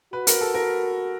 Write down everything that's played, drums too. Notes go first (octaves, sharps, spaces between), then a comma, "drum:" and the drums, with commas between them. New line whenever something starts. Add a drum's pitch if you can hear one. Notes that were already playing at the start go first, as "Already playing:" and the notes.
F#4 B4
A#4, drum: hi-hat
A4
A#4